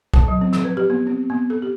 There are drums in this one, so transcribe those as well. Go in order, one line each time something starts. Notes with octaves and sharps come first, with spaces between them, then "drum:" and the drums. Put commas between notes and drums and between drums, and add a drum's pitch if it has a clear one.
A5, drum: kick
F#3
C4
F3, drum: snare
B4
G4
B3
C4
B3
A4
G4